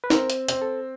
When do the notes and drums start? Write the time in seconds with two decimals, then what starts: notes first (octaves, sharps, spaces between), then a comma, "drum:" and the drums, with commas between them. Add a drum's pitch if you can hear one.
0.04 B4
0.10 C4 A#4, drum: snare
0.30 drum: hi-hat
0.49 C4, drum: hi-hat
0.62 A4